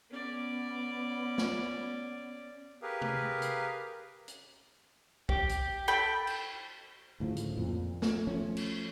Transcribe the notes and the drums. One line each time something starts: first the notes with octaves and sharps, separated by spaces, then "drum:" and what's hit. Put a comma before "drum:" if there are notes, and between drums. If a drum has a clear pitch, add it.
B3 C#4 D5
drum: snare
G4 G#4 A#4 B4 F5
drum: tom C3
drum: hi-hat
drum: hi-hat
G4, drum: kick
drum: hi-hat
A4 G5 B5
drum: cymbal
D2 A2 C#3 F3
drum: hi-hat
F2 A#2
A3, drum: snare
F3 A3 C#4
drum: cymbal